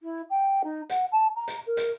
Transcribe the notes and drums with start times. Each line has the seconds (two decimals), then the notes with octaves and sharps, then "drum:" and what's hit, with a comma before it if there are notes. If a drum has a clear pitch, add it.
0.01 E4
0.30 G5
0.64 D#4
0.89 F#5, drum: hi-hat
1.12 A5
1.36 A#5
1.48 drum: hi-hat
1.66 A#4
1.77 drum: hi-hat